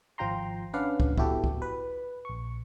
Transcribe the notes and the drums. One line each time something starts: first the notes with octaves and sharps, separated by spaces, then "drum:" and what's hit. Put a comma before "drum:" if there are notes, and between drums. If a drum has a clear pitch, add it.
G#1 F3 F4 G5 A#5 C6
C#4 D4 B4 D5 F5 F#5
drum: kick
B3 E4 F#4 G4 A4, drum: kick
drum: kick
B4
A#1 C#6